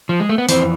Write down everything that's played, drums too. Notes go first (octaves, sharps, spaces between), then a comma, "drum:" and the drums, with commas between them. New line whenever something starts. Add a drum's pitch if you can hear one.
F3
G#3
A3
B3
F2 E3 C4, drum: open hi-hat